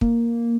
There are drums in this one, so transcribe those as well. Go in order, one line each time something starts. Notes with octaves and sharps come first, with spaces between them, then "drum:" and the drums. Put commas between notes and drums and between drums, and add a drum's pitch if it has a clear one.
A#3, drum: kick